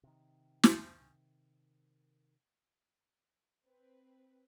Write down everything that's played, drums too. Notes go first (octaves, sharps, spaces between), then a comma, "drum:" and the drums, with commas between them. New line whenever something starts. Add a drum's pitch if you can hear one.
C3 D#3
drum: snare
C4 B4